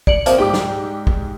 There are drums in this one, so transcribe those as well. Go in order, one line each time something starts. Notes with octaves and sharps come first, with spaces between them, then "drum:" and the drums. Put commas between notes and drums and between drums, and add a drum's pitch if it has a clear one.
D5 C#7 D7 F#7, drum: kick
C3 F3 A#3, drum: hi-hat
G#2 G4 G5 D6
drum: snare
drum: kick